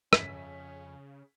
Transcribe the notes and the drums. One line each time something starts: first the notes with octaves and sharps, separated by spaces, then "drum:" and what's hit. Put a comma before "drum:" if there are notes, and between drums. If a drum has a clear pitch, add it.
F2 C#3 C#4 B6, drum: rim click